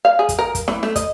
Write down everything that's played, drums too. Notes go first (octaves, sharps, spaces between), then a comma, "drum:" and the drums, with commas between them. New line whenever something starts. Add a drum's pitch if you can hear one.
F5
G#4
drum: kick, hi-hat
A#4
drum: kick, hi-hat
E3, drum: snare
A3, drum: snare
D#5, drum: kick, hi-hat